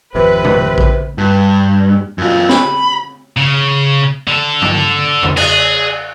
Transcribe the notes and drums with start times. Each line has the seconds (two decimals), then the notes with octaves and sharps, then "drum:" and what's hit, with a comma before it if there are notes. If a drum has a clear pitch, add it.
0.15 G#1 F2 C3 B4
0.44 drum: tom B2
0.78 drum: kick A#1
1.18 G2
2.18 F#2 F4
2.49 B5, drum: snare
3.38 C#3
4.28 D3 A4
4.62 drum: tom G2
5.23 drum: tom F2
5.37 G#4, drum: cymbal